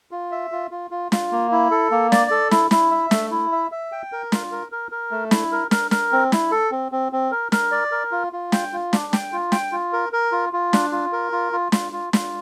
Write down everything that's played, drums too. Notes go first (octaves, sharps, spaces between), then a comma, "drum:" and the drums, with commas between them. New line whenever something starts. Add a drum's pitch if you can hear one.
F4
E5
F4
F4
F4
F4, drum: snare
A#3
E4
A4
A#3
D5, drum: snare
A4
E4, drum: snare
E4, drum: snare
E5
A3, drum: snare
E4
E5
E5
G5
A#4
F4, drum: snare
A#4
A#4
A#4
A3
E4, drum: snare
A#4
A#4, drum: snare
A#4, drum: snare
C4
E4, drum: snare
A4
C4
C4
C4
A#4
A#4, drum: snare
D5
A#4
F4
F4
G5, drum: snare
F4
D4, drum: snare
G5, drum: snare
F4
G5, drum: snare
F4
A#4
A#4
F4
F4
D4, drum: snare
F4
A#4
F4
F4
F4, drum: snare
F4
F4, drum: snare